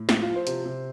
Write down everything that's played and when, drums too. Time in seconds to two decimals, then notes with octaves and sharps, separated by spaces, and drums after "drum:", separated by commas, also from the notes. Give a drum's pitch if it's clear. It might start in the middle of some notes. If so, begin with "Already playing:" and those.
Already playing: A2
0.09 F3 E4, drum: snare
0.22 F4
0.29 F3
0.35 C5
0.47 C3, drum: hi-hat
0.65 C3